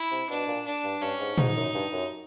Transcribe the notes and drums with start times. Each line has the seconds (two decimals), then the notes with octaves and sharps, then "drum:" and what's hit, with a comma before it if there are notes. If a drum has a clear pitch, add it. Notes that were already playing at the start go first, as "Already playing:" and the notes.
Already playing: E4
0.11 C3
0.30 B2 D4
0.47 A#2
0.66 D4
0.84 G2
1.01 G2 C#4
1.20 G#2
1.38 G#2 D#4, drum: tom
1.56 F#2
1.74 G2
1.92 F#2